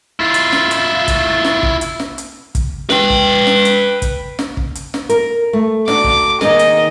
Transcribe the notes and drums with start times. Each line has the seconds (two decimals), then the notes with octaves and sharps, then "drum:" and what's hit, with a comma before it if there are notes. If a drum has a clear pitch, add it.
0.20 E4 F4
0.34 drum: hi-hat
0.52 drum: snare
0.71 drum: hi-hat
1.08 drum: kick, hi-hat
1.44 drum: snare
1.63 drum: kick
1.81 drum: hi-hat
2.00 drum: snare
2.18 drum: hi-hat
2.55 drum: kick, hi-hat
2.90 B4 G5, drum: snare
3.10 drum: kick
3.47 drum: snare
3.65 drum: hi-hat
4.02 drum: kick, hi-hat
4.39 drum: snare
4.57 drum: kick
4.75 drum: hi-hat
4.94 drum: snare
5.09 A#4, drum: hi-hat
5.53 A3
5.88 D4 F#4 D6, drum: snare
6.04 drum: kick
6.41 D#3 A#3 G#4 D#5, drum: snare
6.59 drum: hi-hat